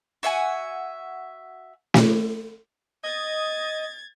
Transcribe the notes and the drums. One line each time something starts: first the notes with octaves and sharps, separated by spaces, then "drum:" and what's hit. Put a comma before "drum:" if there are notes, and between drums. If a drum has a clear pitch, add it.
F#4 E5 F#5 G#5
drum: snare
D#5 G#6 A6